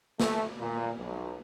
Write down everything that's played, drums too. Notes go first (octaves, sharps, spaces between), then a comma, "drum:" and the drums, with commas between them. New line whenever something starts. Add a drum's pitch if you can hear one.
A3, drum: snare
A#2
B1